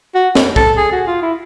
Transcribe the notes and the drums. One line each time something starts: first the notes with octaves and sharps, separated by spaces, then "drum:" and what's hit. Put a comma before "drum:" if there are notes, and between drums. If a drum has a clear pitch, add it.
F#4
drum: snare
A4, drum: kick
G#4
F#4
F4
E4